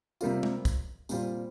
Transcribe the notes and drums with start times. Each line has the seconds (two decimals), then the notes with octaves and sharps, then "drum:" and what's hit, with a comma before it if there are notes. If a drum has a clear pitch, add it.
0.21 C3 G3 A#3 F4, drum: tambourine
0.43 drum: tom G#3
0.65 drum: kick, tambourine
1.09 A#2 G3 C4 F4, drum: tambourine